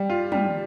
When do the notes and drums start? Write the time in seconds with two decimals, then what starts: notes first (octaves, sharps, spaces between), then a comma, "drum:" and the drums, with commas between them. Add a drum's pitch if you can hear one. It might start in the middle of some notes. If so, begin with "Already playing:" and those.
Already playing: G3
0.10 F4
0.32 G3, drum: tom